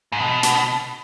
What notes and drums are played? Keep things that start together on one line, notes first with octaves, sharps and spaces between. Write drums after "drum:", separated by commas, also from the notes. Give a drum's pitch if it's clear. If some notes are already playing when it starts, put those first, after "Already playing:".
G#2
B2
drum: hi-hat